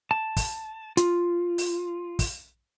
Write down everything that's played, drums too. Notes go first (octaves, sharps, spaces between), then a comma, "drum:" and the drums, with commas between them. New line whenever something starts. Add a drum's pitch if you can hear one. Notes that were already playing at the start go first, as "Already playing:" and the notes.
A5
drum: kick, open hi-hat
F4, drum: hi-hat
drum: open hi-hat
drum: kick, open hi-hat